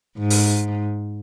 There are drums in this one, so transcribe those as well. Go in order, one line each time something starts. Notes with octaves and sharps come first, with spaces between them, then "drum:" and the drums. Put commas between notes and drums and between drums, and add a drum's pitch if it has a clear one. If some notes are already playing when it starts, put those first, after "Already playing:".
G#2
drum: open hi-hat